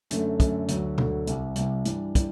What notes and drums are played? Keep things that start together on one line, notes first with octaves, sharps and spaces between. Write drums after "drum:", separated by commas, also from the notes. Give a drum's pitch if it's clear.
F#2 D3 A3, drum: hi-hat
F#2 D3 A3, drum: kick, hi-hat
D2 D3 F#3, drum: hi-hat
D2 D3 F#3, drum: tom B2
C2 C3 G3, drum: hi-hat
C2 C3 G3, drum: hi-hat
G2 E3 G3 D4, drum: hi-hat
E3 G3 D4, drum: kick, hi-hat